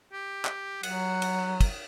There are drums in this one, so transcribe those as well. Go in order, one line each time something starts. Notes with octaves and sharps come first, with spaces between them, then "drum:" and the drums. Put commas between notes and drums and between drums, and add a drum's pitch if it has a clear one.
G4
drum: clap
F#3 F#5, drum: cymbal
drum: cymbal
drum: kick, cymbal